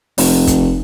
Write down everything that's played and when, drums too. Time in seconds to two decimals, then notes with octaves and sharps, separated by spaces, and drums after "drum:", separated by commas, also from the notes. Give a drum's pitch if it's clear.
0.18 F1, drum: open hi-hat
0.47 drum: kick, hi-hat